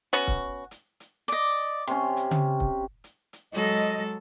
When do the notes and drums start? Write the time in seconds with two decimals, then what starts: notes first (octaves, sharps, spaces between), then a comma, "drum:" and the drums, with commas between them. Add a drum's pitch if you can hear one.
0.13 B3 C#4 F#4
0.27 drum: kick C#1
0.71 drum: hi-hat
1.00 drum: hi-hat
1.28 D5 D#5, drum: hi-hat
1.88 C3 C#4 C6, drum: hi-hat
2.17 drum: hi-hat
2.31 drum: tom C#3
2.60 drum: kick C#1
3.04 drum: hi-hat
3.33 drum: hi-hat
3.53 F#3 G#3 A4 D#5
3.62 drum: hi-hat